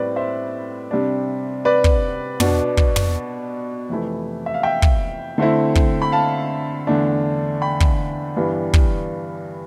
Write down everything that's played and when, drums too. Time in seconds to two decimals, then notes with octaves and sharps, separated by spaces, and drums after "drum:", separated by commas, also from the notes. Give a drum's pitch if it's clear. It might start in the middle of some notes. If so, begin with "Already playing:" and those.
Already playing: A2 G3 C4 E4 B4 C5 D5
0.16 C5 E5
0.91 C3 G3 D4
1.65 B4 D5
1.84 drum: kick
2.40 B2 B3 D4, drum: tom
2.77 drum: kick
2.96 drum: tom
3.89 F2 C3 E3 A3 E4
4.46 E5
4.54 F5
4.63 E5 G5
4.82 drum: kick
5.38 D3 A3 C4 E4
5.75 drum: kick
6.02 B5
6.12 F5 A5
6.87 E2 D3 A3 D4
7.62 G5 B5
7.80 drum: kick
8.36 G2 E3 G3 B3 D4
8.73 drum: kick